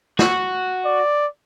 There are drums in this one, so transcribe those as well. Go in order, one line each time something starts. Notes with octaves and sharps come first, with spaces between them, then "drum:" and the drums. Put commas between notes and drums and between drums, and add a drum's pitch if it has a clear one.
F#4, drum: snare
D5